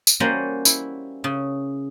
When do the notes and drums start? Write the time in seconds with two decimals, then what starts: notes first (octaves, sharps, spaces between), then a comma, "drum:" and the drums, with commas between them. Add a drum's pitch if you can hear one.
0.07 drum: tambourine
0.20 G3 A#3 C#4 F#4 C5
0.65 E4, drum: tambourine
1.24 C#3